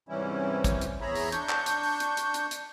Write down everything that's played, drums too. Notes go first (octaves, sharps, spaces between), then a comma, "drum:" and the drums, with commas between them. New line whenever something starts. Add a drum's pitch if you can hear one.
G#2 C3 E3 G3 C#4 E4
drum: kick, hi-hat
drum: hi-hat
E2 G#4 C#5 E5 A#5 B5
drum: open hi-hat
D4 C#6 G6, drum: hi-hat
drum: clap
drum: hi-hat
drum: open hi-hat
drum: hi-hat
drum: hi-hat
drum: hi-hat
drum: hi-hat